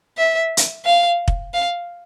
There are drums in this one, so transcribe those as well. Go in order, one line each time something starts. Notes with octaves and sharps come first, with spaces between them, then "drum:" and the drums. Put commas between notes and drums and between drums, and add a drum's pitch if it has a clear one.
E5
drum: hi-hat
F5
drum: kick
F5